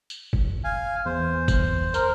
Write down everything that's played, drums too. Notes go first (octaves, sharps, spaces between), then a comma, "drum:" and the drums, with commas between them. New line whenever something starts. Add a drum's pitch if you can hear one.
drum: tambourine
drum: kick F#1
F5 G#5
E2 C5
drum: kick F#1, tambourine
A#4 C5, drum: tambourine